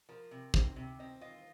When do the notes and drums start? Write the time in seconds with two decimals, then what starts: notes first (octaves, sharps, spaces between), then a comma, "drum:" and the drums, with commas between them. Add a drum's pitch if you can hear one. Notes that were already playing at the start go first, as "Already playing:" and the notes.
0.09 F3 A#4
0.31 C3
0.54 C3 C5, drum: kick
0.76 C3
0.99 C4 D#5
1.21 F4 D#5